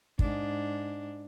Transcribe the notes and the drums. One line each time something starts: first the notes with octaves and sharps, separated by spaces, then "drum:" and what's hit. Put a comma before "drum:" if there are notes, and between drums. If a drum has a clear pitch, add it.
G#2 D4, drum: kick